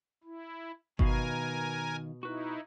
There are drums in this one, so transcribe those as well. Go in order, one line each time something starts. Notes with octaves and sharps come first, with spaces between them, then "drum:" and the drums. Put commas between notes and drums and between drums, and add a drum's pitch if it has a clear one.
E4
B2 D#3 A#4 F5 G#5, drum: kick G1
D#4 E4 F#4 B4